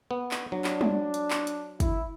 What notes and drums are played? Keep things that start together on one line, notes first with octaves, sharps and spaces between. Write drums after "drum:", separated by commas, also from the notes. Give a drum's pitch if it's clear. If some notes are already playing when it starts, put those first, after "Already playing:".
B3
drum: clap
F#3 D4
drum: clap
drum: tom G3
drum: hi-hat
drum: clap
drum: hi-hat
E4, drum: kick, hi-hat